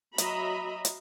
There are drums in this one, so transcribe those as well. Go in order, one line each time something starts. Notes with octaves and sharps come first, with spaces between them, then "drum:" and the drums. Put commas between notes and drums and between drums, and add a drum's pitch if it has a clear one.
F#3 D#5 E5 A#5 B5, drum: hi-hat
drum: hi-hat